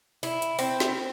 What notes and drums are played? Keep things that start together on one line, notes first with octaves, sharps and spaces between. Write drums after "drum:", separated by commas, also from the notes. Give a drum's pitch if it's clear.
E4, drum: open hi-hat
drum: hi-hat
C4, drum: open hi-hat
drum: snare